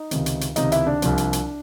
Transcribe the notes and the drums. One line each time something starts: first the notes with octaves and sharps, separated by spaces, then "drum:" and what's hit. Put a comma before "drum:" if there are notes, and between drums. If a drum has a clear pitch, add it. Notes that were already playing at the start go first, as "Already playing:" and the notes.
Already playing: D#4 D#5
C#2 C3 D#3, drum: hi-hat
drum: hi-hat
drum: hi-hat
C#2 C3 D#3 D#4 D#5, drum: hi-hat
E4 E5, drum: hi-hat
D4 D5
C2 C3 F3, drum: hi-hat
drum: hi-hat
drum: hi-hat